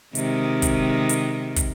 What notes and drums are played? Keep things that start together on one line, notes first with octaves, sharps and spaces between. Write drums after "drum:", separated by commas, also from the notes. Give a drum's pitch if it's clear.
C3 D#3 G#3, drum: hi-hat
drum: kick, hi-hat
drum: hi-hat
drum: kick, hi-hat